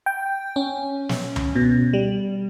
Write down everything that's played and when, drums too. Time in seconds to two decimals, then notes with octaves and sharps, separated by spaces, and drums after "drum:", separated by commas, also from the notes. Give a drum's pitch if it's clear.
0.06 G5
0.56 C#4
1.09 drum: snare
1.36 drum: tom C#2
1.55 B2
1.93 G3